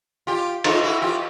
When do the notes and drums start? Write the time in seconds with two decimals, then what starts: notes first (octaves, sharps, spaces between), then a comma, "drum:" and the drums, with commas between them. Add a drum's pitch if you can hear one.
0.27 F4 G4
0.64 D#4 F4, drum: cymbal
0.83 E4 F#4
1.02 F4 G4